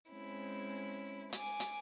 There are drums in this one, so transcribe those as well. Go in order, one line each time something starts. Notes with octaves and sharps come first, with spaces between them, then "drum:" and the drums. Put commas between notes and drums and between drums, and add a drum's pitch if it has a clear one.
G#3 C4 C#4 E4
G#5 D6, drum: hi-hat
drum: hi-hat